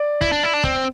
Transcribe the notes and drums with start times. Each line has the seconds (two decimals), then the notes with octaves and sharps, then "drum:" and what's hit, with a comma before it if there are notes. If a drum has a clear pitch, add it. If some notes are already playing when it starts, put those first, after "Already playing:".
Already playing: D5
0.21 E4, drum: kick
0.32 D4
0.43 E4
0.53 D4
0.64 C4, drum: kick